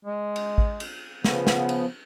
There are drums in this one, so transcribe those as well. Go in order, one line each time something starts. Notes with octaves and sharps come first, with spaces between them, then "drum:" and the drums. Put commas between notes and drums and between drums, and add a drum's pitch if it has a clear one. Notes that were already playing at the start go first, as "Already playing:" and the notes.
G#3
drum: cymbal
drum: kick A1
drum: cymbal
C#3 F3 B3, drum: snare
drum: snare
drum: cymbal